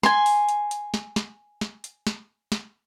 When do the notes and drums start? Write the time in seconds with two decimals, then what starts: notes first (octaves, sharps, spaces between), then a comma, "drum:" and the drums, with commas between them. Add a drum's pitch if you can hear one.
0.03 G#5 C6, drum: snare
0.26 drum: open hi-hat
0.49 drum: hi-hat
0.71 drum: hi-hat
0.94 drum: snare
1.16 drum: snare
1.61 drum: snare
1.84 drum: hi-hat
2.07 drum: snare
2.52 drum: snare